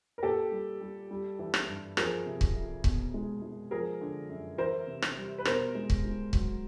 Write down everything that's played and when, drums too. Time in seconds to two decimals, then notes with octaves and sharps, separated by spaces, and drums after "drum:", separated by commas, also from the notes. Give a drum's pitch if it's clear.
0.18 A#4
0.23 A#2 G4 A4
0.51 G3
0.81 G3
1.11 G3
1.39 E3
1.54 drum: rim click
1.68 G2
1.97 F3 G#4 A#4, drum: rim click
2.26 C3
2.41 drum: kick C#1
2.56 F2
2.84 B2, drum: kick C#1
3.14 G#3
3.42 G#3
3.71 F3 G#4 A#4
4.01 D3
4.29 F#2
4.58 E3 A#4 C5
4.87 C3
5.02 drum: rim click
5.17 G3
5.38 B4
5.45 B2 A#4 C5, drum: rim click
5.75 G#3
5.90 drum: kick C#1
6.05 G#3
6.33 F#3, drum: kick C#1